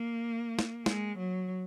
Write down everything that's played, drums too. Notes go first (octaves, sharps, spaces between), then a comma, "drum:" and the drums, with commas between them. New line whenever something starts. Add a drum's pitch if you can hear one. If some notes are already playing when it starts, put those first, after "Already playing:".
Already playing: A#3
drum: snare
G#3, drum: snare
F#3